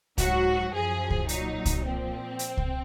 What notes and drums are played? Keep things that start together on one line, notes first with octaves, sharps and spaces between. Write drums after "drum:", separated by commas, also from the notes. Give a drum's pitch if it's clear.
G#2 F#3 F#4, drum: kick C2, hi-hat
F#2 F3 G#4
drum: kick C2
A#2 F#3 D#4, drum: hi-hat
drum: kick C2, hi-hat
A#2 F3 C4
drum: hi-hat
drum: kick C2